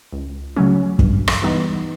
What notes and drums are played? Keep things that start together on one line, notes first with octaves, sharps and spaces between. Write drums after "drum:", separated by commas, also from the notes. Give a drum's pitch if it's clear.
C#2
C#3 F#3 A3 C#4
G2, drum: kick
drum: rim click
E3 G3 B3 D#4